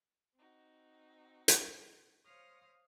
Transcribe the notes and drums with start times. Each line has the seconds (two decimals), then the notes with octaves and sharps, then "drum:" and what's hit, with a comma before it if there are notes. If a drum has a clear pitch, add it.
0.36 C4 D#4 F#4
1.48 drum: hi-hat
2.23 C5 C#5 F5 D#6 F6 A#6